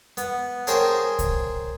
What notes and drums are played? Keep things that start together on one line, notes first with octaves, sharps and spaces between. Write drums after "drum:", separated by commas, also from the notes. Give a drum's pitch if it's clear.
B3, drum: hi-hat
G#4 A#4 C5 C#5 G5 A5, drum: hi-hat
drum: kick C2, hi-hat